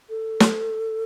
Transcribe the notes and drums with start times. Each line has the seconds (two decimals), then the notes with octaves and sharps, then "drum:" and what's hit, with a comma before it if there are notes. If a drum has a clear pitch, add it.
0.09 A4
0.40 drum: snare